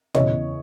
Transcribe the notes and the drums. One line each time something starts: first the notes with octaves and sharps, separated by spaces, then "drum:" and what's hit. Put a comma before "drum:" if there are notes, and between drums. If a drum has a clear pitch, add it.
E2 C#3 E3 C#5 D#5, drum: tom